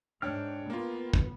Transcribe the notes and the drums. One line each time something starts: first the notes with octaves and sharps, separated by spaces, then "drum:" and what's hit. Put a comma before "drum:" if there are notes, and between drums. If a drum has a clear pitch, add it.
G#2 D4 C#5 G5 F6
A#3 B3 F4
drum: kick